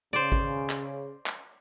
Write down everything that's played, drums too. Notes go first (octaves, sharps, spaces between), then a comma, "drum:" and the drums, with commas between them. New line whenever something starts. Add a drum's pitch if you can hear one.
C#3 C5 D5
drum: kick G#1
drum: clap
drum: clap